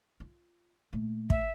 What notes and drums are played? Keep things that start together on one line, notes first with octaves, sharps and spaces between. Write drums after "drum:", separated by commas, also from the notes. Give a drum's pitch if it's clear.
F4
A#2 A3
E5, drum: kick